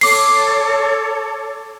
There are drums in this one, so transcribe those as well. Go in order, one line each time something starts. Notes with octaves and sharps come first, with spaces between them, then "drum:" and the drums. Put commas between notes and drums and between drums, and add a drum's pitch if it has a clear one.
A4 C#5 D6 C7, drum: cymbal